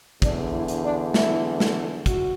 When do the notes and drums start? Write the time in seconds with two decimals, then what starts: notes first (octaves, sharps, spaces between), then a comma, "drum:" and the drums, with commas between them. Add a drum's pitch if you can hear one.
0.22 E2 D3 D4, drum: kick, hi-hat
0.53 E4
0.68 drum: hi-hat
0.84 D4
1.14 E4, drum: snare
1.60 drum: snare
2.06 F#4, drum: kick, hi-hat